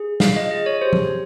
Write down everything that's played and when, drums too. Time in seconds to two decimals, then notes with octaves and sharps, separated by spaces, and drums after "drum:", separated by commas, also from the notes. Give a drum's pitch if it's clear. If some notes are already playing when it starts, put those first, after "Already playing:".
Already playing: G#4
0.20 F4 F5, drum: snare
0.36 D#5
0.51 G#4 D#5
0.66 C#5
0.82 G4 C5
0.93 drum: tom F3